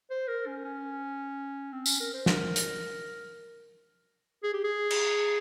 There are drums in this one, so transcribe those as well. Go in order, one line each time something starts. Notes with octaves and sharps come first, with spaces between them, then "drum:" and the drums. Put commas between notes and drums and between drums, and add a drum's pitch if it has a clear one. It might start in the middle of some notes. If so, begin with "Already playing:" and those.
C5
A#4
C#4
C#4
C4
C#4, drum: tambourine
A#4
C5
A#4, drum: snare
drum: hi-hat
G#4
G4
G#4
drum: cymbal